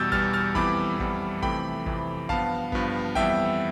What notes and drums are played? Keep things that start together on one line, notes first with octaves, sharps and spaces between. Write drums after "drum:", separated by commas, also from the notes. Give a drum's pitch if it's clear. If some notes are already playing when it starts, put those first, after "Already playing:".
Already playing: E2 B2 G3 E6 G6 A6
E2 B2 G3 F6 A6, drum: kick
F6 A6
F2 E3 G3 B3 B5 D6, drum: kick
F2 E3 G3 B3, drum: kick
F2 C3 E3 A3 G5 B5, drum: kick
F2 C3 E3 A3, drum: kick
G2 F3 B3 F5 A5, drum: kick
G2 F3 B3, drum: kick
F2 E3 G3 B3 E5 G5, drum: kick